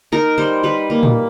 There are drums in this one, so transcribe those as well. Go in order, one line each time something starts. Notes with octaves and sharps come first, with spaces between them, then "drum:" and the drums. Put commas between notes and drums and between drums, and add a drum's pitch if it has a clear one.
D#4 A#4
G3 C5
G3 B4
A#3
drum: tom A2